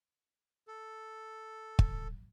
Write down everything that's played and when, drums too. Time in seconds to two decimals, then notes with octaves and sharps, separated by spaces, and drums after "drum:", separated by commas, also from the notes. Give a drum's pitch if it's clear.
0.68 A4
1.79 D1, drum: kick